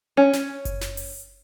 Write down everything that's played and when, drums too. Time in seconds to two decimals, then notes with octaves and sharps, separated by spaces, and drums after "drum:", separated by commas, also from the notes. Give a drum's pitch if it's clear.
0.17 C#4
0.33 drum: snare
0.65 drum: kick F#1, hi-hat
0.81 drum: snare
0.97 drum: open hi-hat